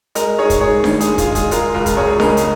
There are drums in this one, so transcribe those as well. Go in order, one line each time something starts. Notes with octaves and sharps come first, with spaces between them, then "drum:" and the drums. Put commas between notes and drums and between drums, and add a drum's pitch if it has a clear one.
G#3 A#4 D#5, drum: hi-hat
D#4 G#4 C#5
drum: kick, hi-hat
G#2 G#4 C#5
D#3, drum: snare D4
G#4, drum: hi-hat
G#3
F4, drum: kick, hi-hat
D#4
G#4, drum: kick, hi-hat
G#3 F4 A#4, drum: hi-hat
C#2 F4 A#4
drum: kick, hi-hat
C#2 G#4 C#5
C#3 A#4 D#5, drum: snare D4
drum: hi-hat